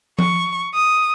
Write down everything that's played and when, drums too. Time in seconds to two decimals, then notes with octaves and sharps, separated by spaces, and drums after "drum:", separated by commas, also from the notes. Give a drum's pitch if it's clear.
0.19 C#6, drum: tom F3
0.74 D#6